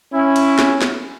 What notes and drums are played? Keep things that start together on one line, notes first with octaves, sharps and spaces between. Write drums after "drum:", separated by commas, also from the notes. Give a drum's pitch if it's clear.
C#4 E4
drum: cymbal
drum: snare
drum: snare